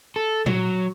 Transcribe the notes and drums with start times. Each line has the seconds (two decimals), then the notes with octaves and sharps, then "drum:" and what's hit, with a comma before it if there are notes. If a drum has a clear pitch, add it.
0.16 A4
0.46 F#3, drum: tom A#2